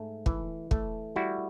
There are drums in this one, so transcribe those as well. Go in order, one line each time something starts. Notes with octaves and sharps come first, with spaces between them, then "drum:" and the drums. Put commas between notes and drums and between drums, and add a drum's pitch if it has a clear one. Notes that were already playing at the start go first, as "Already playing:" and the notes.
Already playing: G#2 A3
E3, drum: kick
A3, drum: kick
G3 E4 F#4